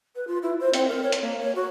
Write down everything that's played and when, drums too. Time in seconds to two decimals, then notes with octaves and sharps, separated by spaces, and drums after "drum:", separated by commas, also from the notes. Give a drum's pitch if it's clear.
0.16 B4
0.28 F4
0.43 E4
0.60 C5
0.74 C4, drum: hi-hat
0.88 A#4
1.02 C#5
1.12 drum: hi-hat
1.21 A#3
1.40 C#5
1.55 F#4